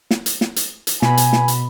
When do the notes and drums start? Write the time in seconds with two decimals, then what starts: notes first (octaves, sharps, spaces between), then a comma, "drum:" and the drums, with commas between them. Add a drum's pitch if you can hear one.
0.11 drum: snare
0.26 drum: hi-hat
0.41 drum: snare
0.56 drum: hi-hat
0.87 drum: hi-hat
1.02 B2 G#5 B5, drum: snare
1.17 drum: hi-hat
1.33 drum: snare
1.48 drum: hi-hat